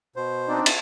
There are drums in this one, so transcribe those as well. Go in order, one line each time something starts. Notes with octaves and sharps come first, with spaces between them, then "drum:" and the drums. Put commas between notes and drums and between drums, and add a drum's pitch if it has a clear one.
B2 C5
C4 D4 D#4
drum: cymbal